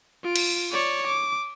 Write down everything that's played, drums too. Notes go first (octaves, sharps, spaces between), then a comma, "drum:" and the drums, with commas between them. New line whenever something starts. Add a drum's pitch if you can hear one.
F4 D7
drum: cymbal
C#5 D5
D6